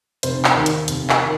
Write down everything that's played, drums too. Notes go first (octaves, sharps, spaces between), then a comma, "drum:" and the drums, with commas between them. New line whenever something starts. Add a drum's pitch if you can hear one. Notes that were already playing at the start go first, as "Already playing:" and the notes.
F1 C5, drum: hi-hat
drum: clap
D#2 D#3
drum: hi-hat
F1, drum: hi-hat
drum: clap
D#3